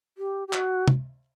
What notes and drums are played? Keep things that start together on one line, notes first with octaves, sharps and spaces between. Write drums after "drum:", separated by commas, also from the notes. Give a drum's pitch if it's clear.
G4
G4
F#4, drum: clap
drum: tom